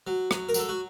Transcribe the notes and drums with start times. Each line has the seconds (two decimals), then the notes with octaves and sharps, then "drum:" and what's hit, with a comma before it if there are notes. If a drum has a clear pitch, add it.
0.07 F#3
0.31 F#3, drum: rim click
0.49 A#4
0.54 F#3 A4, drum: tambourine
0.69 F#4